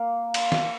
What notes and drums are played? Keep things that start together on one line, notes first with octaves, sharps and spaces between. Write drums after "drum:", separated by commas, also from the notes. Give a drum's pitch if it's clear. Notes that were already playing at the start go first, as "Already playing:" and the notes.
Already playing: A#3
drum: cymbal
drum: snare